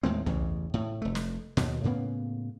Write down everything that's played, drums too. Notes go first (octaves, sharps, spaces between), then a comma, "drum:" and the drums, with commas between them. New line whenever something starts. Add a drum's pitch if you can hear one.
D#2 A2 G#3 C4
A1 E2 C#3, drum: tom
A2
F1 A3
drum: snare
D#2 B2, drum: snare
A2 C#3 A#3 B3